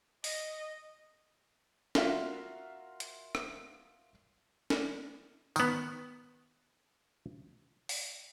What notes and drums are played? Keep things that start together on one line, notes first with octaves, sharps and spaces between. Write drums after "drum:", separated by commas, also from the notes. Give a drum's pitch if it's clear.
D#5, drum: open hi-hat
F4 F#4 A#4 E5 F5, drum: snare
drum: hi-hat
drum: rim click
drum: snare
D#3 B3, drum: tambourine
drum: open hi-hat